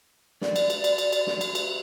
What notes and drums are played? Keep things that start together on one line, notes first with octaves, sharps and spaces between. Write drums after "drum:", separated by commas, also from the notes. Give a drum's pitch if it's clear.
D5, drum: snare
drum: cymbal
drum: cymbal
drum: cymbal
drum: cymbal
drum: cymbal
drum: snare
drum: cymbal
drum: cymbal